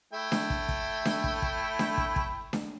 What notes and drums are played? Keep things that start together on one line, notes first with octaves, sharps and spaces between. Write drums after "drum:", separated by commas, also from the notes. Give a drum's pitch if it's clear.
A3 E4 G5
drum: snare D4
drum: kick
drum: kick
drum: snare D4
drum: kick
drum: kick
drum: snare D4
drum: kick
drum: kick
drum: snare D4